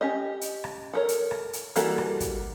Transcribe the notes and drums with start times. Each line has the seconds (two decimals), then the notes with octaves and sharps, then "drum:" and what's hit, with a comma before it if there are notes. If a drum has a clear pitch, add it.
0.01 C#4 G4 D#5
0.41 drum: hi-hat
0.64 drum: rim click
0.93 A4 A#4 C#5
1.09 drum: hi-hat
1.31 drum: rim click
1.53 drum: hi-hat
1.76 E3 G3 A#3 F#4 A4, drum: hi-hat
1.98 drum: rim click
2.20 drum: kick, hi-hat